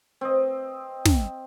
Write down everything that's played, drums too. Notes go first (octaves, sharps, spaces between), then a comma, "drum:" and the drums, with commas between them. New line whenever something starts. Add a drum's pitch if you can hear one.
C4 D#5
drum: snare